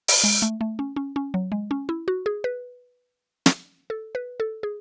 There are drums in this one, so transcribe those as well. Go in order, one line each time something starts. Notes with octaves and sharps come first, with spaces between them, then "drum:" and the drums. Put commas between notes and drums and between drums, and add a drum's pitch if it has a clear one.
drum: open hi-hat
G#3
A3
A3
C#4
C#4
C#4
F#3
G#3
C#4
E4
F#4
G#4
B4
drum: snare
A4
B4
A4
G#4